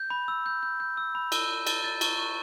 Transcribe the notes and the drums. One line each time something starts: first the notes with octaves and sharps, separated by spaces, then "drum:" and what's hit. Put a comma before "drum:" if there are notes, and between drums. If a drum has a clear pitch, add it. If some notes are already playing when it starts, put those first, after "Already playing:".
Already playing: G6
B5
E6
G6
G6
G6
E6
B5
E6, drum: cymbal
E6
A6, drum: cymbal
A6
C#6, drum: cymbal
C#6